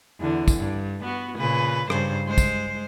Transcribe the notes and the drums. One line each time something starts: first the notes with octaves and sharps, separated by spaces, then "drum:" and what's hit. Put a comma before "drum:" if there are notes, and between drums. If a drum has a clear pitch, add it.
E2 D3
drum: kick, tambourine
G2
B3 F#4
A#2 C#3 B4
G2 C#3 C5, drum: rim click
G#3 C5
drum: kick, tambourine